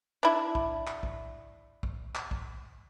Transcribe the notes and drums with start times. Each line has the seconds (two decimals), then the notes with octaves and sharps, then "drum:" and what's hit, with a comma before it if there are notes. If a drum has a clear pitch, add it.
0.23 D4 E4
0.55 drum: kick A#1
0.87 drum: clap
1.03 drum: kick A#1
1.83 drum: kick A#1
2.15 drum: clap
2.31 drum: kick A#1